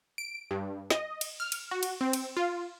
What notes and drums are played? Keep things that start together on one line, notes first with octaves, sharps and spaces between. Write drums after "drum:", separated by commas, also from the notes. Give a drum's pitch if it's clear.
D7
G2
D#5, drum: snare
drum: cymbal
F6
drum: cymbal
F#4
drum: cymbal
C4
drum: cymbal
F4